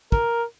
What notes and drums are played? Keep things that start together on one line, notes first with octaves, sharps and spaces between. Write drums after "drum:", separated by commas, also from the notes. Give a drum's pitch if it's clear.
A#4, drum: kick